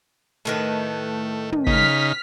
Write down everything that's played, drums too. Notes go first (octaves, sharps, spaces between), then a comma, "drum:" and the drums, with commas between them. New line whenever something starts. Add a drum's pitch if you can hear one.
A2 D#3 A3 B4
drum: tom
C#3 D#4 F6 B6, drum: kick